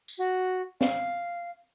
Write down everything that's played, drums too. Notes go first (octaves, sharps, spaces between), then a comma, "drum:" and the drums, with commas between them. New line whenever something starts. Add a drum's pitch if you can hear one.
drum: tambourine
F#4
F5, drum: snare